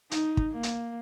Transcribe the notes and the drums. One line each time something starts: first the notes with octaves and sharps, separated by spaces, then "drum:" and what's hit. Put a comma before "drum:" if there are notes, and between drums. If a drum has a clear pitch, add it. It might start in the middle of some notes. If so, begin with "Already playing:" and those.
D#4, drum: hi-hat
drum: kick
A#3
drum: hi-hat